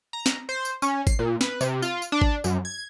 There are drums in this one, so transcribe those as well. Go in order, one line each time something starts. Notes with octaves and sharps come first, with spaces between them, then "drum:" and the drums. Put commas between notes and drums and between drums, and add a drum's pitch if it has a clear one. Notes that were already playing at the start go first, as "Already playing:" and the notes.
A#5
drum: snare
C5
drum: tambourine
C#4, drum: tambourine
C7, drum: kick G#1, tambourine
A#2
B4, drum: snare
C3, drum: tambourine
F4, drum: tambourine
drum: tambourine
D4
drum: kick G#1
F#2, drum: tambourine
G#6